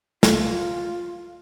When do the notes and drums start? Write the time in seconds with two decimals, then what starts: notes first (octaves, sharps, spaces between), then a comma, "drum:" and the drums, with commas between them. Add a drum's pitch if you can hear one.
0.23 F4, drum: snare